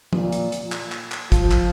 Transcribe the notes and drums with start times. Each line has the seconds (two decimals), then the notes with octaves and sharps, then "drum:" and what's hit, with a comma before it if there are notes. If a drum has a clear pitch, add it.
0.13 A#2, drum: tom
0.32 drum: hi-hat
0.52 drum: hi-hat
0.72 drum: clap
0.92 drum: clap
1.12 drum: clap
1.32 F3, drum: kick, hi-hat
1.51 drum: clap